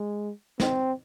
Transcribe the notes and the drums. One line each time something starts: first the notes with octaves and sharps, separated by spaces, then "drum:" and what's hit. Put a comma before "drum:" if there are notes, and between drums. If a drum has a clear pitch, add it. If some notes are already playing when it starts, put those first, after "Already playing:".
Already playing: G#3
C4, drum: snare